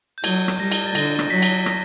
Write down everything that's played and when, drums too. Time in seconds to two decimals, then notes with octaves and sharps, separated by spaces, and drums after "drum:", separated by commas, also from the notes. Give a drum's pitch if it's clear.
0.18 G6
0.24 F#3 G#6, drum: cymbal
0.48 drum: rim click
0.60 G3 A#6
0.72 drum: cymbal
0.86 A6
0.95 D3 A#6, drum: cymbal
1.19 drum: rim click
1.30 F#3 B6
1.42 drum: cymbal
1.61 B6
1.66 A#6, drum: rim click